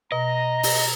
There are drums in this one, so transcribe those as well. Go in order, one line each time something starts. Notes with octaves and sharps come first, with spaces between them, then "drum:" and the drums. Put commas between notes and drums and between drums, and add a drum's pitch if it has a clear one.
B2 D#5 A#5
drum: open hi-hat